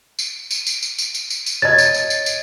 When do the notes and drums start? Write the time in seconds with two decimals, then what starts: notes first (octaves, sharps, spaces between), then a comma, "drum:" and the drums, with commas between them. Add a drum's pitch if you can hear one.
0.19 drum: tambourine
0.51 drum: tambourine
0.67 drum: tambourine
0.82 drum: tambourine
0.98 drum: tambourine
1.14 drum: tambourine
1.30 drum: tambourine
1.46 drum: tambourine
1.62 C#5 D#5 G#6 A6
1.78 drum: tambourine
1.94 drum: tambourine
2.10 drum: tambourine
2.26 drum: tambourine